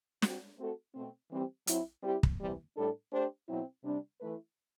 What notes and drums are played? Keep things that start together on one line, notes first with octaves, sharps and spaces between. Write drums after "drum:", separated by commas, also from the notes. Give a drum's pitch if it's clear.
G3 C4 F#4, drum: snare
A3 C4 F#4 A4
B2 A3 C4
E3 G3 C4 G4
F#3 C4 E4, drum: hi-hat
G3 C4 E4 G4
drum: kick
C3 E3 G3
A2 G3 D4 A4
A3 D4 G4 C5
B2 F#3 C4 E4
C3 G3 D4
E3 A3 E4 B4